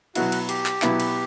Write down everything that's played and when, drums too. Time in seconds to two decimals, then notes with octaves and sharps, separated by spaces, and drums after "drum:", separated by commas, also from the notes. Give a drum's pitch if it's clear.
0.15 B2 F#3 B3 E4 F#4, drum: cymbal
0.32 drum: cymbal
0.49 G4, drum: cymbal
0.66 drum: clap
0.82 B2 F#3 B3 E4, drum: clap
1.00 drum: cymbal